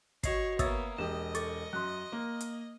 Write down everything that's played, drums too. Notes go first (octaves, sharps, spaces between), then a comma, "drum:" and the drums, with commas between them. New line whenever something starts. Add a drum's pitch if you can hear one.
F#4 C#5 D#5 C7, drum: kick, hi-hat
A#3 B3 C#5 E5 D#6 E6 A6, drum: kick, hi-hat
E1 G4 D#5 E7
A4 C#6 D6 A6, drum: hi-hat
F#2 C6 F#6
A#3
drum: hi-hat